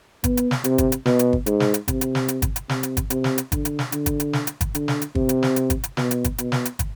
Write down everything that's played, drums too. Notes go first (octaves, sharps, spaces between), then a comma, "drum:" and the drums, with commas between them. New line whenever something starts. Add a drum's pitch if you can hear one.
B3, drum: kick, hi-hat
drum: hi-hat
drum: snare
C3, drum: hi-hat
drum: kick, hi-hat
drum: hi-hat
B2, drum: snare
drum: hi-hat
drum: kick
G#2, drum: hi-hat
drum: snare
drum: hi-hat
C3, drum: kick, hi-hat
drum: hi-hat
drum: snare
drum: hi-hat
drum: kick, hi-hat
drum: hi-hat
C3, drum: snare
drum: hi-hat
drum: kick, hi-hat
C3, drum: hi-hat
drum: snare
drum: hi-hat
D3, drum: kick, hi-hat
drum: hi-hat
drum: snare
D3, drum: hi-hat
drum: kick, hi-hat
drum: hi-hat
drum: snare
drum: hi-hat
drum: kick, hi-hat
D3, drum: hi-hat
drum: snare
drum: hi-hat
C3, drum: kick
drum: hi-hat
drum: snare
drum: hi-hat
drum: kick, hi-hat
drum: hi-hat
B2, drum: snare
drum: hi-hat
drum: kick, hi-hat
B2, drum: hi-hat
drum: snare
drum: hi-hat
drum: kick, hi-hat